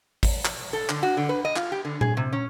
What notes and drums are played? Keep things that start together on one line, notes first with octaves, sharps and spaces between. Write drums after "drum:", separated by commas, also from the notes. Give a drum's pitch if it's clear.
drum: kick G#1, open hi-hat
drum: clap
A4
D3, drum: clap
F#4
D3
B4
D#5
F4, drum: clap
G4
D3
G#4, drum: tom A#2
C3
C#4